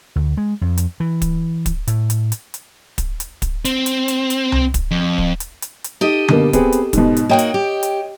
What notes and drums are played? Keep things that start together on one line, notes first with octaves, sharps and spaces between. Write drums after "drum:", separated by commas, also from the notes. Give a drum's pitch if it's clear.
D2
G#3
F2
drum: hi-hat
E3
drum: kick, hi-hat
drum: kick, hi-hat
A2, drum: hi-hat
drum: hi-hat
drum: hi-hat
drum: hi-hat
drum: kick, hi-hat
drum: hi-hat
drum: kick, hi-hat
C4, drum: hi-hat
drum: hi-hat
drum: hi-hat
drum: hi-hat
drum: tom C2
drum: kick, hi-hat
F2
drum: kick
drum: hi-hat
drum: hi-hat
drum: hi-hat
D#4 G4 A4 D#5
G2 B2 A#3, drum: tom D3
B3 C4 G#4, drum: kick, hi-hat
drum: hi-hat
G#2 B2, drum: kick, hi-hat
drum: hi-hat
A#3 D#4 F#4 C#5 D#5 G5
drum: hi-hat
G4
drum: hi-hat